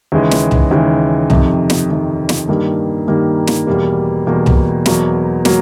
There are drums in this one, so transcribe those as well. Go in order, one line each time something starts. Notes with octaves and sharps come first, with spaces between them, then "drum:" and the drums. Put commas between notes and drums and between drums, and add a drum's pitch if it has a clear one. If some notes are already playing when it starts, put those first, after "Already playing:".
D#2 C#3 E3 G#3
drum: snare
drum: tom C2
D#2 C#3 E3 G#3
F2 C3 D#3, drum: tom C2
drum: snare
F2 C3 D#3
drum: snare
G2 D#3 G3 A#3
G2 D#3 G3 A#3
drum: snare
E2 B2 G3 A#3
E2 B2 G3 A#3
drum: tom C2
E2 B2 F#3 A#3, drum: snare
F#3 A#3, drum: snare